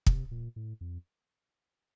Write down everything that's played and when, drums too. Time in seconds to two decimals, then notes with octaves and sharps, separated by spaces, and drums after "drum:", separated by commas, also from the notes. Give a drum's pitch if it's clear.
0.07 C3, drum: kick
0.31 A#2
0.56 A2
0.81 F2